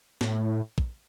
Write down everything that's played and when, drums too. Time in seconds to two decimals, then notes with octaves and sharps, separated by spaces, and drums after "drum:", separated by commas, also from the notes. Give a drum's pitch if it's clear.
0.21 A2, drum: snare
0.78 drum: kick